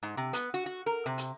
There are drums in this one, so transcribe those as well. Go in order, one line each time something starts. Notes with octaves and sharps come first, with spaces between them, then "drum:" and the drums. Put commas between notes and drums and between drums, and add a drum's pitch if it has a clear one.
G#2
C3
B3, drum: hi-hat
F#4
F#4
A#4
C3
drum: hi-hat